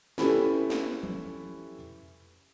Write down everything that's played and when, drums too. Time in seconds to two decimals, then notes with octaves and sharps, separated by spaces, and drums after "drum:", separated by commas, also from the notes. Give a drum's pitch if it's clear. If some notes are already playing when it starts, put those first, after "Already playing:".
0.18 C#4 E4 G4 A4 B4, drum: snare
0.70 drum: snare
1.03 drum: tom